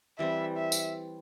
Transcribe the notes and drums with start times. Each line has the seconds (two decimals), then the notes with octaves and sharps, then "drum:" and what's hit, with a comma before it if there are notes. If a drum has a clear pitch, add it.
0.18 E3 G3 C4 E5
0.57 E5
0.72 drum: tambourine